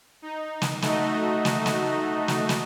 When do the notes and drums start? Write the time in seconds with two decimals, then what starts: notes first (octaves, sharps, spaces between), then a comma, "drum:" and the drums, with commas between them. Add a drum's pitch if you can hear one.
0.22 D#4
0.62 drum: snare
0.82 A3 D#4 F#4 D#5, drum: snare
1.45 drum: snare
1.66 drum: snare
2.28 drum: snare
2.49 drum: snare